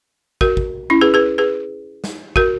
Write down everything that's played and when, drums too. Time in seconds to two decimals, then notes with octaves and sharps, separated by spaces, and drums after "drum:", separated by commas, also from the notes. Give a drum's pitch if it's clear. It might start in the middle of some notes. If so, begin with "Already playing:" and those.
0.41 F#4 A#4, drum: kick
0.57 drum: kick
0.90 C#4 E4
1.01 G#4 B4
1.14 G#4 B4
1.38 G#4 B4
2.04 drum: snare
2.36 F#4 A#4, drum: kick